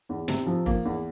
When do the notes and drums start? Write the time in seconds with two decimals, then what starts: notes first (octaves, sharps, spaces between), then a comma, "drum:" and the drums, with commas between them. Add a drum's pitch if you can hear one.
0.09 E2
0.28 C3, drum: snare
0.46 F3
0.66 A#3, drum: kick
0.85 E2